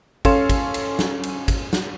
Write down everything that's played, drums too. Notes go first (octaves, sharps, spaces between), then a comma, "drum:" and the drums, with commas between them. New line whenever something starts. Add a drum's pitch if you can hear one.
C#4 A4 C#5 F5 C6 E7, drum: kick, cymbal
drum: kick, cymbal
drum: cymbal
drum: snare
drum: cymbal
drum: kick, cymbal
drum: snare